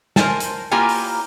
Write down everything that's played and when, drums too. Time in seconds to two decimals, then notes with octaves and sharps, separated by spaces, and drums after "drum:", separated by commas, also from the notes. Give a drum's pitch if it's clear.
0.16 A#4 C5 D#5 G#5 A5, drum: snare
0.40 drum: hi-hat
0.71 A#3 E4 F4 G4 A#4 G#5
0.89 drum: open hi-hat